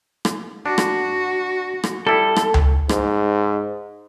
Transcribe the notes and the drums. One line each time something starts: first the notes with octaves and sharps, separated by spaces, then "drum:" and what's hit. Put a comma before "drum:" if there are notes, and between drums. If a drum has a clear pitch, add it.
drum: rim click
D4 F#4
drum: rim click
drum: rim click
G3 E4 A4
drum: rim click
drum: tom C#2
G#2, drum: rim click